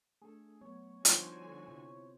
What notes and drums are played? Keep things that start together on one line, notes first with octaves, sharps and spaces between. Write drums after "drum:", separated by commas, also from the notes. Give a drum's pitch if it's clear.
A3 D4 G#4 A4
F#3 A3 B3 C#5
D3 F3 G3 D#4 F4 F#4 C5 G#5, drum: hi-hat
C3 E4